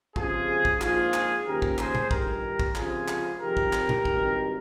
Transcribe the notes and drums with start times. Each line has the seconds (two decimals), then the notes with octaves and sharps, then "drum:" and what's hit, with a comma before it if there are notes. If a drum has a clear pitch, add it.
0.16 C#2 C3 F3 F4 G#4, drum: kick
0.65 drum: kick
0.81 A#1 G#2 F3 F4 G#4, drum: clap
1.14 drum: clap
1.46 D#2 C#3 F3 G4 A#4
1.62 drum: kick
1.78 G#4 C5, drum: clap
1.95 drum: tom A#2
2.11 G1 G2 D#3 G4 A#4, drum: kick
2.59 drum: kick
2.75 C#2 C3 F3 F4 G#4, drum: clap
3.08 drum: clap
3.40 F2 C3 D#3 G4 A#4
3.57 drum: kick
3.73 drum: clap
3.89 drum: tom A#2
4.05 G#1 G2 D#3, drum: kick